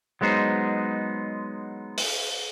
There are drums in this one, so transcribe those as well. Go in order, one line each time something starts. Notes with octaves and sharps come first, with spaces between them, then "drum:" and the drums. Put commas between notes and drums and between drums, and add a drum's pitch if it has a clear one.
F#3 G#3 B3 D#4 C5
drum: open hi-hat